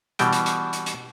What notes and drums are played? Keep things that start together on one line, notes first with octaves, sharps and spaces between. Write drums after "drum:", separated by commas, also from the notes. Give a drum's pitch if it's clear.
B2 E3 G3 G5, drum: hi-hat
drum: hi-hat
drum: hi-hat
drum: hi-hat
drum: hi-hat